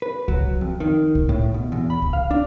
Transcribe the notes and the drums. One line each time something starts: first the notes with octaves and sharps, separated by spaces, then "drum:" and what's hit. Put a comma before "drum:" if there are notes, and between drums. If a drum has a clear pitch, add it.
B4
F#3, drum: kick C2
F2
D#3
drum: kick C2
A2
B2
E2
B5
drum: kick C2
F5
D4